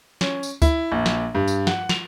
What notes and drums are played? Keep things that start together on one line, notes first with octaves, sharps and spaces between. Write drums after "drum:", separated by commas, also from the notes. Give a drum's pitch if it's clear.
C#4, drum: snare
drum: tambourine
E4, drum: kick D2, tambourine
A#1
drum: snare
G2
drum: tambourine
F#5, drum: snare
F7, drum: snare